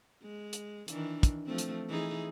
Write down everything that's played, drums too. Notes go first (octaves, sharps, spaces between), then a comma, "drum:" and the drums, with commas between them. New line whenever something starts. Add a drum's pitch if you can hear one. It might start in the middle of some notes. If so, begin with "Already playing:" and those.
G#3
drum: hi-hat
D#3 E3 D4, drum: hi-hat
drum: kick, hi-hat
F3 A3 C4
drum: hi-hat
E3 D#4 G#4